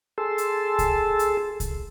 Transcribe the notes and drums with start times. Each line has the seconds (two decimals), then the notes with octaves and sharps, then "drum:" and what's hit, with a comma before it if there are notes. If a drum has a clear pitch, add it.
0.18 G#4 A4 A5 C6 E6
0.38 drum: hi-hat
0.79 drum: kick C2, hi-hat
1.19 drum: hi-hat
1.60 drum: kick C2, hi-hat